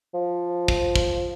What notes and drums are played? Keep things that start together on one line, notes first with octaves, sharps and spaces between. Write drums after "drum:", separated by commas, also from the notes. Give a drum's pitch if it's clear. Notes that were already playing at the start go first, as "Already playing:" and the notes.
F3
drum: kick
drum: kick